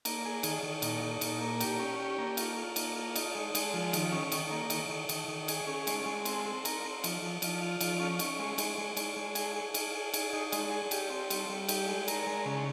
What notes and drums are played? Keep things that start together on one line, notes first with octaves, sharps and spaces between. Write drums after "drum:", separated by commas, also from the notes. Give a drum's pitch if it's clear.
A#3, drum: cymbal
G#4
D#3, drum: cymbal
D#3
A#2, drum: cymbal
D#4
A#2, drum: cymbal
A#3
G4, drum: cymbal
C#4
G4
A#3
F4, drum: cymbal
F4
A#3, drum: cymbal
F4
D#4, drum: cymbal
G#3
G#3, drum: cymbal
F3
D#3, drum: cymbal
C#4
D#3, drum: cymbal
A#3
D#3, drum: cymbal
D#3
D#3, drum: cymbal
D#3
G#4, drum: cymbal
C#4
G#3, drum: cymbal
G#3
C4, drum: cymbal
C4
A#4, drum: cymbal
C4
F3, drum: cymbal
F3
F3, drum: cymbal
F4
F3, drum: cymbal
C#4
C#4, drum: cymbal
G#3
G#3, drum: cymbal
G#3
G#3, drum: cymbal
G#3
G#4, drum: cymbal
G#4
G#4, drum: cymbal
G#4
G#4, drum: cymbal
D#4
G#3, drum: cymbal
G#4
G4, drum: cymbal
C4
G3, drum: cymbal
G3
G4, drum: cymbal
G#3
A#4, drum: cymbal
G#3
C#3